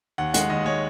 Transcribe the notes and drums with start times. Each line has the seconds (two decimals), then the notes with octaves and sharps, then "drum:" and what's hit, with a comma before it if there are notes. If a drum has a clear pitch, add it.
0.18 D#2 F#5
0.34 G#3 F#5, drum: hi-hat
0.50 D#2 D#5
0.66 G#3 C#5